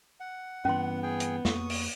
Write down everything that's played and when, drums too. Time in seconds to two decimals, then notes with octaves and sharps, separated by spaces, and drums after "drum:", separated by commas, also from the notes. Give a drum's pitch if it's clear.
0.20 F#5
0.65 G2 E3 B3 C#4 C6
1.03 G#4 G5
1.20 drum: hi-hat
1.45 F2 A#3 C#6 D#6, drum: snare
1.70 drum: open hi-hat